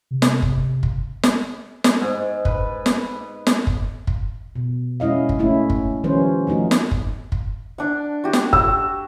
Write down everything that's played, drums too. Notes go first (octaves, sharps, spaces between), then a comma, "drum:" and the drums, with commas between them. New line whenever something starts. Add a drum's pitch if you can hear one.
C3
drum: snare
drum: kick
drum: kick
drum: snare
drum: snare
G#2
B4, drum: kick
drum: snare
drum: snare
drum: kick
drum: kick
B2
G#3 C#4 E4 D#5 F5
drum: kick
A3 C#4 E4
drum: kick
D#3 F3 G3 C#4 B4 C5
F3 A3 D#4 F#4
drum: snare
drum: kick
drum: kick
D4 F#5
F#4 G4
drum: snare
E6, drum: kick